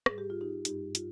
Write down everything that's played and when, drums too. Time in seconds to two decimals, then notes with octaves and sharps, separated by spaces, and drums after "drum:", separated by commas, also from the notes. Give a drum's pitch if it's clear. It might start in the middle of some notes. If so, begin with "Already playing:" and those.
0.06 G#2 G3 G#4, drum: rim click
0.18 G4
0.30 F4
0.41 D#4 G4
0.65 G2 G3 D#4 G4, drum: hi-hat
0.95 F4, drum: hi-hat